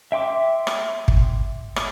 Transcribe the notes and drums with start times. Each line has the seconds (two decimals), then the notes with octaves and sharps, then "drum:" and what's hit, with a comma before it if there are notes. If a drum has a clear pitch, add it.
0.12 E5 G5 C6 D6
0.67 drum: rim click
1.08 drum: kick
1.76 drum: rim click